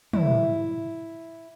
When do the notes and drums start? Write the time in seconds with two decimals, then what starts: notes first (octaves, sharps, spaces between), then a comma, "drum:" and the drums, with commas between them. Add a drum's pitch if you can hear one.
0.13 E4, drum: tom